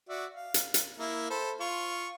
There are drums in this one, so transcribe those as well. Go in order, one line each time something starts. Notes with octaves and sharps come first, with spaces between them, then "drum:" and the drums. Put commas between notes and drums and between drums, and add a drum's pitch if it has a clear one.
F#4 D5 E5
F5
drum: hi-hat
drum: hi-hat
A#3 E4
A4 C5 B5
F4 C#6